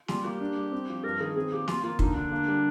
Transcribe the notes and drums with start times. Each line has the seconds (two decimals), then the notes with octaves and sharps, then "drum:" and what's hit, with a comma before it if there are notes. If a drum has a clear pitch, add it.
0.08 G3 F4, drum: snare
0.24 A#3 G4
0.41 D4
0.57 G3
0.72 C4
0.89 F3
1.04 G2 A#4
1.20 D#3 G#4
1.36 C4 G#4
1.52 A#2 G4
1.68 F3 F4, drum: snare
1.84 A#3 F4
1.99 D3 D#4, drum: kick
2.15 D3 D4
2.31 A#3
2.48 G3